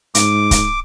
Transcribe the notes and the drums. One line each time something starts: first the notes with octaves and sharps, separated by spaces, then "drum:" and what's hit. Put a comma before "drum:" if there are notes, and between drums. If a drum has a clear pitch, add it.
G#2 D6, drum: hi-hat
drum: kick C#1, hi-hat